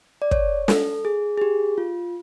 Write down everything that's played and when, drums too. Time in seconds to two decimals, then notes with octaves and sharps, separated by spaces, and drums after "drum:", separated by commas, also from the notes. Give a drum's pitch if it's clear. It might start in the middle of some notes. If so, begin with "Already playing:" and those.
0.22 D5
0.31 C#5, drum: kick
0.68 A4, drum: snare
1.05 G#4
1.38 G#4
1.41 G4
1.78 F4